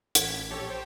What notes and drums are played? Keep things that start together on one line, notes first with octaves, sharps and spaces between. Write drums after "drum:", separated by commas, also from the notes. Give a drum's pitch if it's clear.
A1 G#6 B6, drum: hi-hat
A#1 G4 A4 C#5
C5 G5